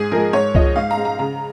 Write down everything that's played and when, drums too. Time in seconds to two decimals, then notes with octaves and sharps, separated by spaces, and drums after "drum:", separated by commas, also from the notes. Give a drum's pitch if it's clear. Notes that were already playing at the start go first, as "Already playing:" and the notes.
Already playing: G#2 G#4
0.12 F3 G#3 A#4
0.33 G#2 C#5
0.55 F3 G#3 D#5, drum: kick C2
0.76 G#2 F5
0.91 A#5
0.97 G#3
1.05 A#5
1.19 C#3 A#5